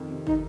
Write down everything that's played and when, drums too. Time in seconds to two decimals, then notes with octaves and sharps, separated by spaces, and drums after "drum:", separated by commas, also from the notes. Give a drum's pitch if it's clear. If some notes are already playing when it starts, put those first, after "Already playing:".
Already playing: F2 D#3
0.10 C3
0.27 D#4, drum: kick